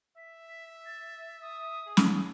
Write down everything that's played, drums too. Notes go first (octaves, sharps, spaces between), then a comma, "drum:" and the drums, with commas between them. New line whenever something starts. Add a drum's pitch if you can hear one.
E5 B6
A6
D#6
G#4
drum: snare